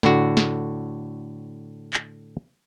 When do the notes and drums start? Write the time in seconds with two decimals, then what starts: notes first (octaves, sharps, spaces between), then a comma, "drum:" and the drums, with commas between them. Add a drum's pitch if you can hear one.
0.03 A2 D3 F#4, drum: snare
0.37 drum: snare
1.93 drum: clap